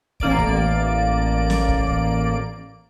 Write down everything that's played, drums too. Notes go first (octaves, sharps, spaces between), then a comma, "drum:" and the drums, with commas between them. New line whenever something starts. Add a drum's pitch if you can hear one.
A1 A#3 D5 D7, drum: kick
drum: kick
drum: snare
drum: kick
drum: kick